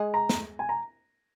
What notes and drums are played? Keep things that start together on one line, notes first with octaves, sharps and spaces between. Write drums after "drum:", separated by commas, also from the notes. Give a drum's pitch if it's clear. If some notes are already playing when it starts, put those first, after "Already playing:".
Already playing: G#3 G#4
A#5
drum: snare
G#5
A#5